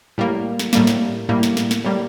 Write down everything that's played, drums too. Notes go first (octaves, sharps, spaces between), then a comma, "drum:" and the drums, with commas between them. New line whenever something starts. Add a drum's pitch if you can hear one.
A2 G3 A#3
drum: snare
A2 G3 A#3, drum: snare
drum: snare
A2 G3 A#3
drum: snare
drum: snare
drum: snare
A2 G3 A#3